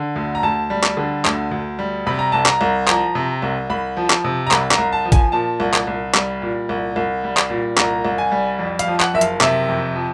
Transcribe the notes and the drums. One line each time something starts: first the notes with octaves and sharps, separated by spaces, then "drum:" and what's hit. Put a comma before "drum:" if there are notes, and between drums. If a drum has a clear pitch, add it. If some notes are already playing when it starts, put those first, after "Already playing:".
Already playing: D3
D2
A#5
D2 A5
G3
drum: clap
D3
D2, drum: clap
D2
G3
C3 B5
A#5
C2 A5
A#5, drum: clap
C2
F3 A#5, drum: clap
C3
C2
C2 B5
F3
drum: clap
C3
A#5
C2 B5, drum: clap
A#5, drum: clap
C2
A5
F3
G#5, drum: kick A1, hi-hat
A#2 A5
C2
drum: clap
C2
G3, drum: clap
A#2
C2
C2
G3
drum: clap
A#2
C2 A#5, drum: clap
C2
G#5
G3
F2
F5, drum: hi-hat
F3
F#5, drum: clap
F#1 E5
F5, drum: hi-hat
C3 E5, drum: clap
F2
F3